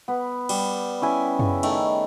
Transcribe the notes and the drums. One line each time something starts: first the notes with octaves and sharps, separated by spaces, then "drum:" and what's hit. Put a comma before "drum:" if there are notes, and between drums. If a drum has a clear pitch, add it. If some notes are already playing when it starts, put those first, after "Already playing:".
B3
G3, drum: cymbal
C#4 E4 G#5
C#3, drum: tom F#2
D#3 A3, drum: cymbal